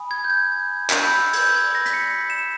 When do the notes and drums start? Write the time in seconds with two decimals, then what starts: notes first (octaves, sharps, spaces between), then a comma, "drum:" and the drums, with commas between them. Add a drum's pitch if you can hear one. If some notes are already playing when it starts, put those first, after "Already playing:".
Already playing: G#5 B5 D#6
0.11 G#6
0.24 G6
0.30 G#6
0.90 drum: clap
1.02 B5 E6 G6
1.33 G#6, drum: cymbal
1.38 G6
1.56 G#6
1.75 A#6
1.86 B6, drum: hi-hat
1.93 C#7
2.11 C#7
2.30 E7